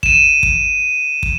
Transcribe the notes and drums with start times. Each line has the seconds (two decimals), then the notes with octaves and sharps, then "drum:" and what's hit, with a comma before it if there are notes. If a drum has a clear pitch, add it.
0.03 D#7 E7, drum: kick
0.43 drum: kick
1.23 drum: kick